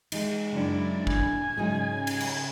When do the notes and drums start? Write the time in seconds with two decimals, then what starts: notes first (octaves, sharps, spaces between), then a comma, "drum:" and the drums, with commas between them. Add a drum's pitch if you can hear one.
0.12 G#3 D#4, drum: cymbal
0.53 F#2 C#3 F#3 D4 E4 D5
1.07 G#5, drum: kick
1.57 G#2 C#3 F#3 D#4 G#4
2.07 drum: cymbal
2.20 drum: cymbal